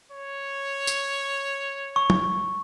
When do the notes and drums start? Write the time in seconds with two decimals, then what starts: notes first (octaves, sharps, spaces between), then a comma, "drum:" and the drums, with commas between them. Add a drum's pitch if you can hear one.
0.12 C#5
0.87 drum: tambourine
1.96 C#6
2.10 drum: tom